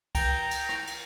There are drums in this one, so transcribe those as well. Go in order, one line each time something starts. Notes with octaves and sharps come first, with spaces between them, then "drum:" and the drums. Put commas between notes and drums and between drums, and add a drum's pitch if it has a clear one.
G5 A#5, drum: kick C2, cymbal
drum: cymbal
drum: rim click
drum: cymbal